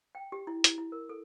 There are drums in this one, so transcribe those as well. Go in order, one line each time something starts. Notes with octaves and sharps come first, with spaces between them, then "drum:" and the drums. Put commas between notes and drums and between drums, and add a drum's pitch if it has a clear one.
G5
G4
E4
E4, drum: hi-hat
E4
A#4
A4